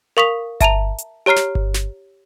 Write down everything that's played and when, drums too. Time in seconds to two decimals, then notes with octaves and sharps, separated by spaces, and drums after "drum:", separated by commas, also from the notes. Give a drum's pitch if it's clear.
0.17 A#4 F5 C#6 D#6 B6 F7
0.61 E5 A5 A#5 F7, drum: kick G1, hi-hat
0.98 drum: hi-hat
1.26 G4 C#5 A#5 F6 C7
1.36 drum: snare
1.55 drum: kick G1
1.74 drum: snare